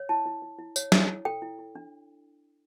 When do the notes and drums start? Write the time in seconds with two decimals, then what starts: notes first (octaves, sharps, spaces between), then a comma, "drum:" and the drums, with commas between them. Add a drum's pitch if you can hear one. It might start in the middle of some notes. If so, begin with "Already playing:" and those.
Already playing: C#5
0.09 E4 A5
0.26 E4
0.42 E4
0.59 E4
0.76 C#5, drum: tambourine
0.92 C#5, drum: snare
1.09 E4
1.25 A4 G5
1.42 E4
1.59 E4
1.75 D4